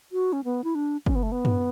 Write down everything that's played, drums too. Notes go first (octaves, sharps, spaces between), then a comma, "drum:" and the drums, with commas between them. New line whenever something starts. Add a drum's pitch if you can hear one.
F#4
C#4
B3
E4
D4
C#4, drum: kick
B3
A3
B3
drum: tom F#2